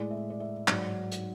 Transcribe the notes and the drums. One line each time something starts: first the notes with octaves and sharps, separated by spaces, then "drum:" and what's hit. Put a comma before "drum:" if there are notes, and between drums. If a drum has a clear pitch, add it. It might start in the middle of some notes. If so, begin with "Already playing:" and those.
Already playing: A2 G#3 D5
E5
D5
E5
G#2 F#3 D5, drum: clap
drum: hi-hat